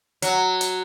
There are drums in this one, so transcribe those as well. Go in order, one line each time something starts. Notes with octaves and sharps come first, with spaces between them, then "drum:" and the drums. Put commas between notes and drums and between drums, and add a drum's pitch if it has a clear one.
F#3, drum: hi-hat
drum: hi-hat